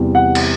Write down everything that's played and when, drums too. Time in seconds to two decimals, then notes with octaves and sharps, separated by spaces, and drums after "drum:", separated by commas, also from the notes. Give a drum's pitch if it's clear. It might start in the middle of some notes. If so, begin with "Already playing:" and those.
Already playing: E2 C3 E3 G3
0.15 F#5
0.35 drum: cymbal